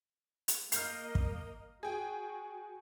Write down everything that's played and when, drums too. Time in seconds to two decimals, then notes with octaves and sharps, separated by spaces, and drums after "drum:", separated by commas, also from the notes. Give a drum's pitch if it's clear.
0.48 drum: hi-hat
0.72 A#3 A#4 D#5 F6 G6 C7, drum: hi-hat
1.15 drum: kick
1.83 F#4 G#4 G5